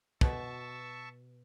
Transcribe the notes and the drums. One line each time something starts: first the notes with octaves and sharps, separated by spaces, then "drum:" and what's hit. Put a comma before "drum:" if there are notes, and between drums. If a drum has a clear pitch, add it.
B2 E5 A5 C#6, drum: kick